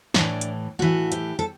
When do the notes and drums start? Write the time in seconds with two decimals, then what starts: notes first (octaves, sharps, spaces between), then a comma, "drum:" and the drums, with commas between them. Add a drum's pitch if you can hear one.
0.14 A2 E3 D4, drum: snare
0.41 drum: hi-hat
0.79 A2 E3 F#4
1.12 G4, drum: hi-hat
1.39 A4